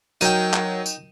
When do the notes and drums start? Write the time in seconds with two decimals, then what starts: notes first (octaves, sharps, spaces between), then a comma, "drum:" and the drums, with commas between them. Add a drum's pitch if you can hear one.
0.21 F#3 D#4 A#4 G5 D#7, drum: tambourine
0.53 drum: clap
0.86 drum: tambourine